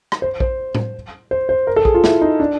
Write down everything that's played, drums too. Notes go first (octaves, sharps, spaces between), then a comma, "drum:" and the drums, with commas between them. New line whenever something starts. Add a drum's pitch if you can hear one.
drum: rim click
C5
C5, drum: kick A#1
drum: tom A2
C5
C5
A#4
A4
G#4, drum: kick A#1
F4
E4, drum: snare
D#4
D4